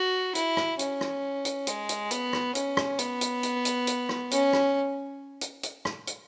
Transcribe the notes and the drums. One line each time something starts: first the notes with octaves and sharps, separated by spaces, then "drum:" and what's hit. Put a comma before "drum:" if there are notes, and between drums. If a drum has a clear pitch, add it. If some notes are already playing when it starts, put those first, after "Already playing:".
Already playing: F#4
E4, drum: hi-hat
drum: rim click
C#4, drum: hi-hat
drum: rim click
drum: hi-hat
G#3, drum: hi-hat
drum: hi-hat
B3, drum: hi-hat
drum: rim click
C#4, drum: hi-hat
drum: rim click
B3, drum: hi-hat
drum: hi-hat
drum: hi-hat
drum: hi-hat
drum: hi-hat
drum: rim click
C#4, drum: hi-hat
drum: rim click
drum: hi-hat
drum: hi-hat
drum: rim click
drum: hi-hat